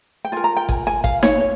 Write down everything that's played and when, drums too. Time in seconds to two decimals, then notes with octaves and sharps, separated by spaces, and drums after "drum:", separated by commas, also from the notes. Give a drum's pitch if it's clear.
0.25 G5
0.32 F4 A#4 G#5
0.44 A#5
0.57 G5
0.69 G#5, drum: kick G1
0.87 G#5
1.04 F5, drum: kick G1
1.23 C#5, drum: snare D#4
1.41 C#5